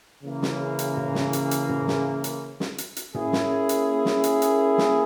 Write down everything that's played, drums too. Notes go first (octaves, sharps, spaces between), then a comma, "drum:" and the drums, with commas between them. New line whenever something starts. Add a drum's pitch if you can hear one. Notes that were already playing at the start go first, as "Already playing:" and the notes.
C#3 E3 A#3
drum: snare
drum: hi-hat
drum: tom
drum: snare
drum: hi-hat
drum: hi-hat
drum: tom
drum: snare
drum: hi-hat
drum: snare
drum: hi-hat
drum: hi-hat
A#3 C#4 E4 G#4, drum: tom
drum: snare
drum: hi-hat
drum: snare
drum: hi-hat
drum: hi-hat
drum: snare